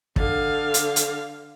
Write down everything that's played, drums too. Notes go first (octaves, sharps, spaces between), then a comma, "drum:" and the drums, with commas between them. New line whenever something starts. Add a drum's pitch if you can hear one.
D3 F5, drum: kick
drum: hi-hat
drum: hi-hat